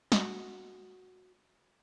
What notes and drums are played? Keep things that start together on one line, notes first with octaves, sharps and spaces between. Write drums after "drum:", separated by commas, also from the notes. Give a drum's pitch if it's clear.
F#4 D#5, drum: snare